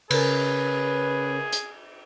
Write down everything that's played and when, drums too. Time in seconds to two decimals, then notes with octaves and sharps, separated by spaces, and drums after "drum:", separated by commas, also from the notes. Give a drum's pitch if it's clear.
0.11 C#3 C#4 G#4 A#4 B4, drum: cymbal
1.52 drum: hi-hat